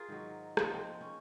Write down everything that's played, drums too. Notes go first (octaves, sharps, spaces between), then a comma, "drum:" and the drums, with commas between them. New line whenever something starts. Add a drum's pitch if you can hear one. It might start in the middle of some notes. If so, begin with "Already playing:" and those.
Already playing: F4 G#4 A#4
G#2 D#3 F#3
G#2 F3 G#3 A#3, drum: rim click
C4
C#4